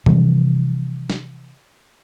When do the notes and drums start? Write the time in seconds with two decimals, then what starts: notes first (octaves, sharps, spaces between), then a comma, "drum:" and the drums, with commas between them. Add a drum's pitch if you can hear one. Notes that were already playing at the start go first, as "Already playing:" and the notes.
0.06 C3 E3 F3 G3, drum: tom C3
1.10 drum: snare